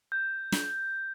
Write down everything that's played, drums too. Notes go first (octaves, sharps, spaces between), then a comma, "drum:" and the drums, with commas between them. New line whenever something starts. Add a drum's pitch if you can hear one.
G6
drum: snare